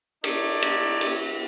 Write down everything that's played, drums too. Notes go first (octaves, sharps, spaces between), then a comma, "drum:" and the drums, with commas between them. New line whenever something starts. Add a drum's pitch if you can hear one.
D#4 A4 C#5 D5, drum: cymbal
drum: cymbal
drum: cymbal